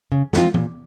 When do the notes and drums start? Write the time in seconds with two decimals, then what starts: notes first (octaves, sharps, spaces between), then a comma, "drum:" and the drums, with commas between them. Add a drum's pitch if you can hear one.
0.12 C#3
0.33 F3 G#3 C4 F4, drum: snare
0.54 A#2, drum: tom E3